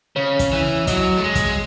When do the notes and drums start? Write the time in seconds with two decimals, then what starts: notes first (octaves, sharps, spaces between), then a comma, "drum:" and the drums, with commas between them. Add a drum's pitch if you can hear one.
0.16 C#3 C#5
0.39 drum: kick, hi-hat
0.52 E3
0.87 F#3 D#5, drum: kick, hi-hat
1.17 A3
1.24 G#3
1.35 drum: kick, hi-hat